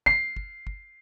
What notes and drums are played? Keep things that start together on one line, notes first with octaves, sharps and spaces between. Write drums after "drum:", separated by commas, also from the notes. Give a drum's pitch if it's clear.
C7, drum: kick
drum: kick
drum: kick